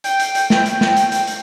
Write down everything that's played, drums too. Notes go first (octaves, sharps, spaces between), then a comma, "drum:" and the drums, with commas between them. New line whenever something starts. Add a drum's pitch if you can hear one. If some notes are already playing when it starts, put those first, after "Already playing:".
G5, drum: hi-hat
drum: hi-hat
drum: hi-hat
drum: snare
drum: hi-hat
drum: snare
drum: hi-hat
drum: hi-hat
drum: hi-hat